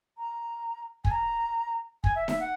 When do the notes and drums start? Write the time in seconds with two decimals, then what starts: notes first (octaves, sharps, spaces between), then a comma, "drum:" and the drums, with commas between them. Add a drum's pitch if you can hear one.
0.18 A#5
1.05 G#5, drum: kick
1.11 A#5
2.04 G#5, drum: kick
2.16 E5
2.28 E5, drum: snare D#4
2.40 F#5